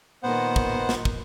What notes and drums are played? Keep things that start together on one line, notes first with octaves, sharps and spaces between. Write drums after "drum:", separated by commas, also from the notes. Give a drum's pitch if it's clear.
A#2 D#3 B3 C5 F#5
drum: kick
drum: snare
drum: kick